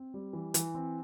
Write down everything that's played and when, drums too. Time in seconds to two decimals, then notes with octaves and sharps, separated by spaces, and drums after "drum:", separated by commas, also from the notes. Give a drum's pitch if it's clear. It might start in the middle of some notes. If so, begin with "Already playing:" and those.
Already playing: C4
0.14 G3
0.33 E3
0.54 E3, drum: hi-hat
0.75 C4